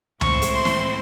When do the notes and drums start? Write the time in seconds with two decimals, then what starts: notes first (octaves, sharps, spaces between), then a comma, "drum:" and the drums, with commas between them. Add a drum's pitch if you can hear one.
0.21 A2 G#3 C4 E4 C5 C#6, drum: tom C#2
0.42 drum: hi-hat
0.55 C6
0.65 drum: snare